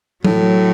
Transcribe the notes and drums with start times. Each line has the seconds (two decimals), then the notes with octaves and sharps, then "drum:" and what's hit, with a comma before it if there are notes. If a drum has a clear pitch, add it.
0.25 A2 F#3, drum: tom F#3